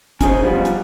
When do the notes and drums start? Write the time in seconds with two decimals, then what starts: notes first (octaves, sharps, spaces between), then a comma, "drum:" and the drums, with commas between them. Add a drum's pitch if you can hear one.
0.21 C#4 D#4 G#4 C5, drum: kick, hi-hat
0.43 F3 G3 B3
0.65 drum: hi-hat